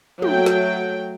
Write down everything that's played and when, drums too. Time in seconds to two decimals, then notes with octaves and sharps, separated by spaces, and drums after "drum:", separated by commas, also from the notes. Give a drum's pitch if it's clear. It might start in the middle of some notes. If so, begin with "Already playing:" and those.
0.22 F#3 A3 G5, drum: tom
0.46 drum: snare